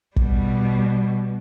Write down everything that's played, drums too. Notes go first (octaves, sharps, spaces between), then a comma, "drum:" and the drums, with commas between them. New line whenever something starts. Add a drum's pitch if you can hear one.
B2 G3, drum: kick